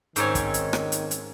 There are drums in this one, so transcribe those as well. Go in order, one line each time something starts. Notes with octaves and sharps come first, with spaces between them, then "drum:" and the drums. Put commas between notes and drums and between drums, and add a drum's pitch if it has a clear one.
G#2 D#3 C4 C#4 D#4 C#5, drum: hi-hat
drum: kick, hi-hat
drum: hi-hat
drum: rim click
drum: hi-hat
drum: hi-hat